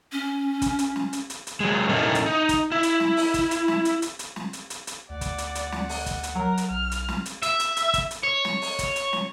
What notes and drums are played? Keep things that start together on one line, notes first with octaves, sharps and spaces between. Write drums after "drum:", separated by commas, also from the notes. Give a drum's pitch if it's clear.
C#4
drum: kick, hi-hat
drum: hi-hat
drum: snare
drum: hi-hat
drum: hi-hat
drum: hi-hat
F#3 G#3
A#2 A#3 C#4 D#4 E4 A4
drum: hi-hat
D#4
drum: kick, hi-hat
E4
drum: hi-hat
drum: snare
drum: open hi-hat
drum: kick, hi-hat
drum: hi-hat
drum: snare
drum: hi-hat
drum: hi-hat
drum: hi-hat
drum: snare
drum: hi-hat
drum: hi-hat
drum: hi-hat
D2 D5 F#5
drum: kick, hi-hat
drum: hi-hat
drum: hi-hat
drum: snare
drum: open hi-hat
drum: kick, hi-hat
drum: hi-hat
F#3 A#4
drum: hi-hat
B1 F6
drum: hi-hat
drum: snare
drum: hi-hat
E5, drum: hi-hat
drum: hi-hat
drum: hi-hat
drum: kick, hi-hat
drum: hi-hat
C#5
drum: snare
drum: open hi-hat
drum: kick, hi-hat
drum: hi-hat
drum: snare